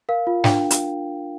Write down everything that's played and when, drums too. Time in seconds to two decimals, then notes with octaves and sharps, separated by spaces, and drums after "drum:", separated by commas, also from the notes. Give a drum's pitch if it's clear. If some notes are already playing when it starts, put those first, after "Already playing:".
0.09 A#4 F5
0.27 F4
0.44 D4 G5, drum: snare
0.71 drum: hi-hat